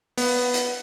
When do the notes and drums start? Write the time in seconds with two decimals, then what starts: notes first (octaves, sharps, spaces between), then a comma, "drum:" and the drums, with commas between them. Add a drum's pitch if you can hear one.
0.17 B3, drum: open hi-hat
0.54 drum: hi-hat